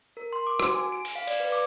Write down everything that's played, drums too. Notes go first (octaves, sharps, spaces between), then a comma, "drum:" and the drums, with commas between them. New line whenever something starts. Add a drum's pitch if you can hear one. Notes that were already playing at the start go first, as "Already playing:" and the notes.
A#4
C6
D6
F#4, drum: rim click
G#5
D7
drum: cymbal
F5
D5, drum: cymbal
B4
D6